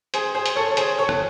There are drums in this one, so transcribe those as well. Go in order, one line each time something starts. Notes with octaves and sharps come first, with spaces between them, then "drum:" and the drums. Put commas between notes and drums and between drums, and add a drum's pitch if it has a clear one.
G#4 C5, drum: hi-hat
G#4 C5
drum: hi-hat
A4 C#5
C#5
G#4 C5, drum: hi-hat
A4 C#5
drum: rim click